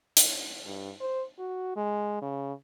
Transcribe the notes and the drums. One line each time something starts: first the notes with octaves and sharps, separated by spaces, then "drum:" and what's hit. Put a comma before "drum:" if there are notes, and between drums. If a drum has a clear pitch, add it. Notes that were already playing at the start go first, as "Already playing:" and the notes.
drum: hi-hat
G2
C5
F#4
G#3
C#3